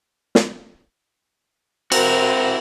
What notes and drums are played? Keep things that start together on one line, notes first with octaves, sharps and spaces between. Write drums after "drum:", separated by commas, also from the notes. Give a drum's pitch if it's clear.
drum: snare
C4 E4 F#4 A#4, drum: cymbal